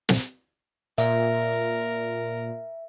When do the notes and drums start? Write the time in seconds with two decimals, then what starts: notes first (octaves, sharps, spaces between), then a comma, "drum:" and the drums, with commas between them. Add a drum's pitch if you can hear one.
0.09 drum: snare
0.98 A#2 A#4 E5, drum: hi-hat